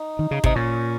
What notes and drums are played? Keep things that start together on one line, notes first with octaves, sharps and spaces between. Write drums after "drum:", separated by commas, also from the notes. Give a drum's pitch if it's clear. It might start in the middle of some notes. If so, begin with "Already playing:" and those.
Already playing: D#4
D#3
C#3
C3 D#4, drum: kick
A#2 C#4